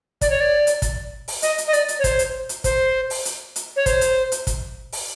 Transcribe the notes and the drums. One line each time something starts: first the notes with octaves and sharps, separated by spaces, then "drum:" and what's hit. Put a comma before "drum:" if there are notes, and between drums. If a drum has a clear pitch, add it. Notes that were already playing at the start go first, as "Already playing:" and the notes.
D5, drum: kick, hi-hat
C#5
D5
drum: hi-hat
drum: kick, hi-hat
drum: open hi-hat
D#5, drum: hi-hat
drum: hi-hat
D#5
D5, drum: hi-hat
drum: hi-hat
C#5
C5, drum: kick, hi-hat
drum: hi-hat
drum: hi-hat
C5, drum: kick, hi-hat
drum: open hi-hat
drum: hi-hat
drum: hi-hat
C#5
C5, drum: kick, hi-hat
drum: hi-hat
drum: hi-hat
drum: kick, hi-hat
drum: open hi-hat